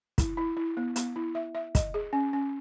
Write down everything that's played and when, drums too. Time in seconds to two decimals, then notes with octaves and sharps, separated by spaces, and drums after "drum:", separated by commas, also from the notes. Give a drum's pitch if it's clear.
0.18 E4, drum: kick, hi-hat
0.37 E4
0.57 E4
0.77 B3
0.96 B3, drum: hi-hat
1.16 E4
1.35 E5
1.55 E5
1.75 D#5, drum: kick, hi-hat
1.94 G#4
2.13 C#4
2.33 C#4